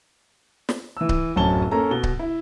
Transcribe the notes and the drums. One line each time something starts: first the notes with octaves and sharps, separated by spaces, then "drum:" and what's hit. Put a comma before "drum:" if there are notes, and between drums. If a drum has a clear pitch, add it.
drum: snare
E3 E6
drum: kick C#1
D1 F#2 C#4 A5 G7
A#3 C#4 A4 A#5
B2 G7
drum: kick C#1
E4